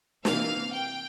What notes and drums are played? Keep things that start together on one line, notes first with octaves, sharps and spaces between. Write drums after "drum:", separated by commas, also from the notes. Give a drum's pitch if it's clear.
C3 E3 A#3 F5, drum: snare
G5